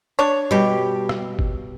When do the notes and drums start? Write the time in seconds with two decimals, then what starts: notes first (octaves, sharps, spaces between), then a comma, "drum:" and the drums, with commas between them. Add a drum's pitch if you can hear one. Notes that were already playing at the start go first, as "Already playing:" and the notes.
0.19 D4 C#5
0.51 B2 G3 G4
1.09 drum: rim click
1.39 drum: kick G#1